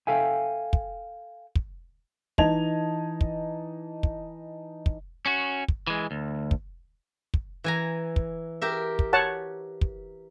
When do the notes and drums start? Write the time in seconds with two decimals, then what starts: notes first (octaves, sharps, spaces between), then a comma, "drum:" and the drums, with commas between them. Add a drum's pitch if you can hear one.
0.07 A4 E5 F5 G5 G#5
0.73 drum: kick
1.55 drum: kick
2.38 E3 D#4 D#5 A5 G#6 F7, drum: kick
3.21 drum: kick
4.03 drum: kick
4.86 drum: kick
5.26 C#4 F#4
5.68 drum: kick
5.87 E3 G#3
6.11 D2
6.51 drum: kick
7.34 drum: kick
7.64 E3 G#5 A#5
8.16 drum: kick
8.62 G4 A#4 E5
8.99 drum: kick
9.13 C#5 F#5 A5
9.81 drum: kick